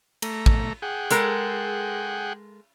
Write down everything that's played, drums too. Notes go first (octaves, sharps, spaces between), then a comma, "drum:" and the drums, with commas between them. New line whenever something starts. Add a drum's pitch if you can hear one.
A3 A#5, drum: cymbal
drum: kick
G#4 F#5 G5
G#3 A4 A#4, drum: hi-hat